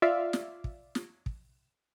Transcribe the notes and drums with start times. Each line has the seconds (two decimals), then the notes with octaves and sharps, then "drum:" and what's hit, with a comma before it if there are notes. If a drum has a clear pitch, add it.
0.02 F4 D5 E5 F5
0.33 drum: snare
0.64 drum: kick
0.95 drum: snare
1.26 drum: kick